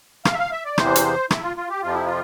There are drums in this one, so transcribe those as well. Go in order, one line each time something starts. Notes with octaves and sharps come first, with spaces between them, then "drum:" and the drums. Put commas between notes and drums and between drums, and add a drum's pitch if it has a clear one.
F5, drum: rim click
E5
F5
E5
D5
E2 C3 E3 C5, drum: rim click
drum: hi-hat
E4, drum: rim click
F4
F4
G4
F2 C3 F3 F4
E4
F4